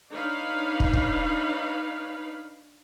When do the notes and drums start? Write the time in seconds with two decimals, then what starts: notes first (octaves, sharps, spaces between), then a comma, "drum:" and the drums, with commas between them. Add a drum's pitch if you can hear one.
0.12 D4 D#4 B4 C#5 F5 B5
0.80 drum: kick
0.93 drum: kick